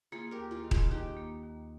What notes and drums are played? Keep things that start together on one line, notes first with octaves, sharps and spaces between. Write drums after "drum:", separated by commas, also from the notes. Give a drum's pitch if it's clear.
A#3 F4 G#4
G4 A#4
D#2
F4 G#4
D#3
F4 G#4, drum: kick D#1
D#2 D#4 G4
A#3
D#2